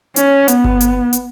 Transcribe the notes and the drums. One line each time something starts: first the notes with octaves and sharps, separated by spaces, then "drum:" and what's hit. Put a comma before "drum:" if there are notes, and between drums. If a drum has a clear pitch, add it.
C#4, drum: hi-hat
B3, drum: hi-hat
drum: kick G1
drum: hi-hat
drum: hi-hat